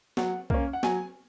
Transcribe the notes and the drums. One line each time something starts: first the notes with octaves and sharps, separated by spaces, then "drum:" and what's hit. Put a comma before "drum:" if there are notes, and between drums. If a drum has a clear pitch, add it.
F#3 F#5, drum: snare
A#3 C#4, drum: kick B1
F#5
F#3 G#5, drum: snare